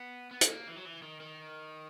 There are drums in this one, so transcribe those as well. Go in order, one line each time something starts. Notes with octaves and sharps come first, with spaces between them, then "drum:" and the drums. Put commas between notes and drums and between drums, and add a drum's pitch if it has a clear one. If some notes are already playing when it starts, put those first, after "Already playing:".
Already playing: B3
B3
G#3, drum: hi-hat
A#3
E3
F#3
E3
D#3
D#3